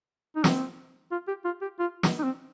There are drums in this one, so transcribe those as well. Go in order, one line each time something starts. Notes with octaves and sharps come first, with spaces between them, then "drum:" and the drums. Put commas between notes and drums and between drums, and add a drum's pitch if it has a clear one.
D#4
C4, drum: snare
F4
G4
F4
G4
F4
drum: snare
D#4
C4